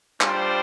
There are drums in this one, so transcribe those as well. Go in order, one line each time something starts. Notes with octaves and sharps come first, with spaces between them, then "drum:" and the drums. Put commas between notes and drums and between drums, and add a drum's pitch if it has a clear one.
G3 D4 F4 C5 G5, drum: clap